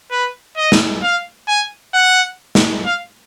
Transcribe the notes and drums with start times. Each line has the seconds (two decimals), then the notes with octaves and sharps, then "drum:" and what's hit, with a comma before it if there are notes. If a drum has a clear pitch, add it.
0.11 B4
0.57 D#5
0.72 drum: snare
1.03 F5
1.48 G#5
1.94 F#5
2.55 drum: snare
2.85 F5